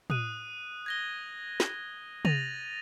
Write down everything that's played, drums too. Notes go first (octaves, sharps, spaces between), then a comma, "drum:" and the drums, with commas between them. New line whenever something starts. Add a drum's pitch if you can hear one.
D#6 F#6 D#7, drum: tom
G#6 A#6 G7
drum: snare
A6 A#6 D#7 F7 F#7, drum: tom